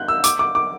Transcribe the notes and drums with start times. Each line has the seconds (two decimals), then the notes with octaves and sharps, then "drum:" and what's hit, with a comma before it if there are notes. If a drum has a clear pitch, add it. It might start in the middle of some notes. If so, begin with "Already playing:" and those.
Already playing: F#6 G6
0.08 E6
0.24 D6, drum: hi-hat
0.39 D6
0.55 D6